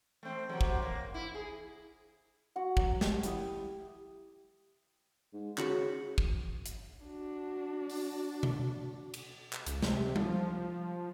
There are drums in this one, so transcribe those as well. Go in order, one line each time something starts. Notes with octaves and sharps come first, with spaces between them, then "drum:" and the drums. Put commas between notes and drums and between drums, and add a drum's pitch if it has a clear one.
A3 C4
C3 F#3
drum: kick
A#3
E4
G#4
F#4 F#5
F#3 D6, drum: kick
G4, drum: snare
E4 B5 D#6 E6, drum: hi-hat
G#2
C#3 F#4 B5 C#6, drum: clap
drum: kick
drum: hi-hat
D4 F#4
drum: open hi-hat
drum: tom B2
drum: cymbal
drum: clap
C#2, drum: hi-hat
C3, drum: snare
F3, drum: tom G3